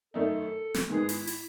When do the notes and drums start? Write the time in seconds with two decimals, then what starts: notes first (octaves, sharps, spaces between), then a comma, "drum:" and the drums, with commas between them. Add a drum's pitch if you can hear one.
0.14 F#2 D#3 A3 D#4 A4
0.74 drum: snare
0.90 G#2 D#3 G#3 B3 G#4
1.09 E4, drum: open hi-hat
1.27 E4, drum: open hi-hat